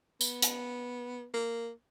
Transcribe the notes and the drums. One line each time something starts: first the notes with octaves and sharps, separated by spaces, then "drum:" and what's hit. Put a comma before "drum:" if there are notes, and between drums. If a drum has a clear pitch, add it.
B3, drum: tambourine
drum: hi-hat
A#3